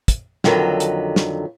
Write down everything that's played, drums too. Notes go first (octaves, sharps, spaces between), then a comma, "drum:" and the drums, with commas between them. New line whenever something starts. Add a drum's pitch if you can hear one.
drum: kick, hi-hat
F2 D3 D#3 F#3 B4, drum: snare
drum: hi-hat
drum: snare